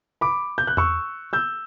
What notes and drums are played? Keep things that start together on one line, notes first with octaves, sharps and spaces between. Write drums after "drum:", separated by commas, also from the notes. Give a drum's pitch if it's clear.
B5 D6
G6
F#6
C#6 E6, drum: tom E2
E6 G6